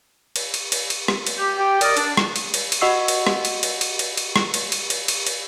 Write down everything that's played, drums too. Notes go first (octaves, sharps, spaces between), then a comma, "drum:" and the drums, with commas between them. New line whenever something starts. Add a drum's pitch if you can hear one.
drum: cymbal
drum: cymbal
drum: cymbal
drum: cymbal
drum: rim click
drum: cymbal
G4
G4 G5
A#4 D5 D#5, drum: cymbal
D4, drum: cymbal
drum: rim click
drum: cymbal
drum: cymbal
drum: cymbal
F#4 D#5 F#5 C#6 E6 C7
drum: cymbal
drum: rim click
drum: cymbal
drum: cymbal
drum: cymbal
drum: cymbal
drum: cymbal
drum: rim click
drum: cymbal
drum: cymbal
drum: cymbal
drum: cymbal
drum: cymbal